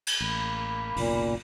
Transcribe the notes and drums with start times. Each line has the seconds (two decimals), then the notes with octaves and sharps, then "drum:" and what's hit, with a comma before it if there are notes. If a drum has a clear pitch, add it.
0.07 drum: cymbal
0.20 A1 A#3 B5
0.96 F#1 B1 A#2, drum: open hi-hat